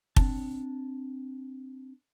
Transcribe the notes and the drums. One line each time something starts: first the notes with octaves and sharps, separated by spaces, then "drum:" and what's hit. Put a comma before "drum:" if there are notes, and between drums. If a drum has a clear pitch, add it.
C4 D4 A5, drum: kick